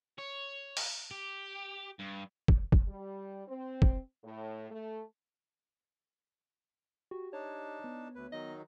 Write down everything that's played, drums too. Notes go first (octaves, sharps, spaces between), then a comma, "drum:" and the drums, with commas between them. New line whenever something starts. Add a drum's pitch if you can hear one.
C#5
drum: open hi-hat
G4
G2
drum: kick
drum: kick
G3
C4
drum: kick
A2
A3
F#4 G4
D4 D#4 C#5 A5
B3
D2 B4
D#3 F#3 D#4 D#5